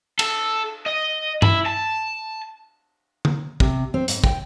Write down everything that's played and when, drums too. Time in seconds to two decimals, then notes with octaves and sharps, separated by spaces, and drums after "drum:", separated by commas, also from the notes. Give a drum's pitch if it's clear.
0.19 A4, drum: cymbal
0.86 D#5
1.42 E4, drum: tom G2
1.66 A5
3.25 drum: tom
3.60 C3, drum: kick
3.94 C4
4.08 G#2, drum: hi-hat
4.24 G5, drum: kick